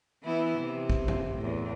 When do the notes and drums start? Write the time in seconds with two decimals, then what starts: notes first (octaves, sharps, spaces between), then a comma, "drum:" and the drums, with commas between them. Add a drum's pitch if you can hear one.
0.24 E3 B3 E4
0.59 C3
0.90 drum: kick
1.08 drum: tom F#2
1.36 E2 A2